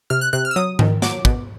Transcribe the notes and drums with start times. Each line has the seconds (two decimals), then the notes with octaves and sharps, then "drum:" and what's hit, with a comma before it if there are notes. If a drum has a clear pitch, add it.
0.10 C3 F6
0.21 F#6
0.33 C3 F#6
0.45 F6
0.51 E6
0.56 F#3 D#6
0.79 D#3, drum: tom G#2
1.02 F#3 D6, drum: snare
1.25 B2, drum: kick